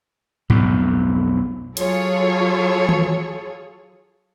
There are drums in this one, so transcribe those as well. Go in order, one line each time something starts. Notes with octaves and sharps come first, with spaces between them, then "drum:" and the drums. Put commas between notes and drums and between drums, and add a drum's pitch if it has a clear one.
B1 F2, drum: tom G#2
F#3 F4 G#4 A4 C#5, drum: hi-hat
drum: tom D#3